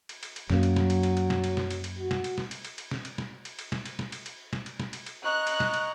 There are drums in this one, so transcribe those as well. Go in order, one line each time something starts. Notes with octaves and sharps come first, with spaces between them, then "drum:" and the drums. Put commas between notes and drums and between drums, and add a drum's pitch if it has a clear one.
drum: cymbal
drum: cymbal
drum: cymbal
F#2 F#3 A#3, drum: snare
drum: cymbal
drum: snare
drum: cymbal
drum: cymbal
drum: cymbal
drum: snare
drum: cymbal
drum: snare
drum: cymbal
drum: cymbal
F#4
drum: snare
drum: cymbal
drum: snare
drum: cymbal
drum: cymbal
drum: cymbal
drum: snare
drum: cymbal
drum: snare
drum: cymbal
drum: cymbal
drum: snare
drum: cymbal
drum: snare
drum: cymbal
drum: cymbal
drum: snare
drum: cymbal
drum: snare
drum: cymbal
drum: cymbal
D#5 A#5 C#6 F#6
drum: cymbal
drum: snare
drum: cymbal